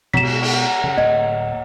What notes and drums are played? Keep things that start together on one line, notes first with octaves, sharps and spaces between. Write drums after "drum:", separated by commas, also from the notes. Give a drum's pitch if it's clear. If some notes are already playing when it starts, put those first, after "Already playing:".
B2 F#3 G#3 B6 E7
drum: cymbal
drum: cymbal
C#3
D1 A#3 D#5